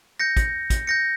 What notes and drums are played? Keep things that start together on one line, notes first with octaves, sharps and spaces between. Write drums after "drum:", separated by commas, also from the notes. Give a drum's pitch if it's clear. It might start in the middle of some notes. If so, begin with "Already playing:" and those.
G6 A#6 C#7
drum: kick, hi-hat
drum: kick, hi-hat
G6 A#6 C#7